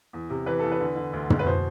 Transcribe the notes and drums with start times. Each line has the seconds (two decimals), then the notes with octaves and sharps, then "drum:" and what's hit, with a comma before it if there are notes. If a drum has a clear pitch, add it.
0.13 E2
0.30 C3
0.46 E3 B4
0.59 E2 A4
0.72 B4
0.80 D3
0.96 D3
1.13 D2
1.30 D2, drum: tom
1.39 B4
1.46 B2 C5